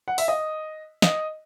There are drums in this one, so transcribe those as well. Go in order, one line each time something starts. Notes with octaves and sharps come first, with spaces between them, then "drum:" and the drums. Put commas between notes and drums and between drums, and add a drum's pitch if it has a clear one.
F#5
E5, drum: open hi-hat
D#5
D#5, drum: snare